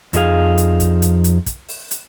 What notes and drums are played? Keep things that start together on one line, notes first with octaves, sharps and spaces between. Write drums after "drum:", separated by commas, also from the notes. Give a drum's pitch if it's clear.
F2 F3 D#4 E4 G#4 F5, drum: hi-hat
drum: hi-hat
drum: kick, hi-hat
drum: hi-hat
drum: hi-hat
drum: kick, hi-hat
drum: open hi-hat
drum: hi-hat